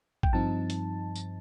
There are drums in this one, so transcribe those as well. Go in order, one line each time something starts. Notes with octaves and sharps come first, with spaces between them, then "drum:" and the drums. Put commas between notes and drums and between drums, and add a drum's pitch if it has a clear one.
G5, drum: kick
G2 F3 C4 D#4 A5
drum: hi-hat
drum: tambourine